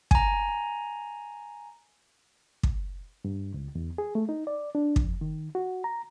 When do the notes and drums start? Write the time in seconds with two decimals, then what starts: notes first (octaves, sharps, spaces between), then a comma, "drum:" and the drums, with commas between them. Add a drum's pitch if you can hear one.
0.11 G#5 A#5, drum: kick
2.63 drum: kick
3.25 G2
3.54 C#2
3.75 E2
3.98 G#4
4.15 A3
4.29 D#4
4.47 D5
4.75 D4
4.96 F2, drum: kick
5.21 D#3
5.55 F#4
5.84 A#5